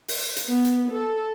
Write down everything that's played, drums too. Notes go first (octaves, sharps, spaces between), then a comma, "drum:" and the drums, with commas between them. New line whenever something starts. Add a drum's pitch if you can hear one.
drum: open hi-hat
drum: hi-hat
B3
drum: hi-hat
A4